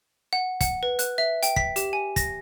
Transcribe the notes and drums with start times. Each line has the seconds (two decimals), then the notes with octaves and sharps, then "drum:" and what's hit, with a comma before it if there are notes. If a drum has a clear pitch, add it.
0.33 F#5
0.61 F#5, drum: kick, hi-hat
0.83 B4
0.99 F#6, drum: hi-hat
1.18 E5
1.43 G5, drum: hi-hat
1.56 B6, drum: kick
1.76 G4, drum: hi-hat
1.93 G#5
2.16 A#6, drum: kick, hi-hat